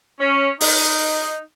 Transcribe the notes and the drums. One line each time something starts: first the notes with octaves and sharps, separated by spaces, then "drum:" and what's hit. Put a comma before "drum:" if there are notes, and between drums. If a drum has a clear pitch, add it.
C#4
D#4, drum: open hi-hat